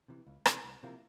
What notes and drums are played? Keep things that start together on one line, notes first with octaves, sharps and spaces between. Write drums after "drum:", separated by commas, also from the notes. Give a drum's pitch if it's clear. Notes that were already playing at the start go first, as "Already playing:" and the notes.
C3 E3
C#2
C3 E3, drum: rim click
C2
C3 F3 A#3 E4